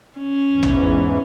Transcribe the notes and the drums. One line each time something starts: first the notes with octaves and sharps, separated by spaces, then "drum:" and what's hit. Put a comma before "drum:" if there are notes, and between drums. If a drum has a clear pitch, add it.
C#4
E2 G#2 E3
drum: tom